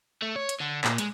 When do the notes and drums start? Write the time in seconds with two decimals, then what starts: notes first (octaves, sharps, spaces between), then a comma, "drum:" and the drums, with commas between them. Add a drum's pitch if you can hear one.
0.22 A3
0.36 C#5
0.49 drum: hi-hat
0.61 D3
0.84 A#2, drum: clap
0.98 G#3, drum: hi-hat